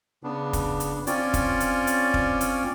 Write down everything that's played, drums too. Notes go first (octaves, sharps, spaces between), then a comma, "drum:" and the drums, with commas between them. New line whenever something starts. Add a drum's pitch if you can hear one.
C#3 B3 D4
drum: kick, hi-hat
drum: hi-hat
C4 C#4 F4 C#5 D5, drum: hi-hat
drum: kick, hi-hat
drum: hi-hat
drum: hi-hat
drum: kick
drum: hi-hat